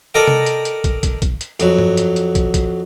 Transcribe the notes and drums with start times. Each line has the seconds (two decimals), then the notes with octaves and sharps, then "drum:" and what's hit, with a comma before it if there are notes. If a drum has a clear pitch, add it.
0.14 A4 A#4 D5 D#5 G5
0.28 drum: tom C3
0.46 drum: hi-hat
0.65 drum: hi-hat
0.84 drum: kick, hi-hat
1.03 drum: kick, hi-hat
1.22 drum: kick, hi-hat
1.41 drum: hi-hat
1.60 F2 F#3, drum: hi-hat
1.79 drum: tom
1.97 drum: hi-hat
2.16 drum: hi-hat
2.35 drum: kick, hi-hat
2.54 drum: kick, hi-hat